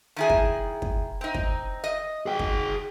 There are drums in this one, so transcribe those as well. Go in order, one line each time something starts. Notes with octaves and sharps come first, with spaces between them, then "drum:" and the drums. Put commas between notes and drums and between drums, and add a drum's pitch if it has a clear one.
D#3 E4 G#4
drum: kick
drum: kick
C4 D#4
drum: kick
D#5
G#4 G5
drum: kick